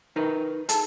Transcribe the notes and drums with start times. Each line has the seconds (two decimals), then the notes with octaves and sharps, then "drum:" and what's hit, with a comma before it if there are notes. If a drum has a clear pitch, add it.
0.16 D#4 A#4 B4
0.69 G#4 A4 A5, drum: hi-hat